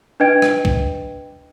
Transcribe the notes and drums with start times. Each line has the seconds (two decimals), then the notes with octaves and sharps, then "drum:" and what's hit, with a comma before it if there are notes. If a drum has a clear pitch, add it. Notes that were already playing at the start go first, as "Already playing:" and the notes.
0.20 D4 B4 D#5 G5 G#6 D7
0.42 drum: rim click
0.65 drum: kick C#2